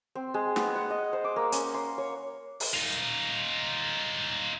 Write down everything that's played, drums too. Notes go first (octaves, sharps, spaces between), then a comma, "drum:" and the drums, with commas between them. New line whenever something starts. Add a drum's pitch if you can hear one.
C4
G#3
B3, drum: snare
F#5
D#5
C5
D6
A#3
C#4, drum: hi-hat
C6
C#5
drum: open hi-hat
D#4 F4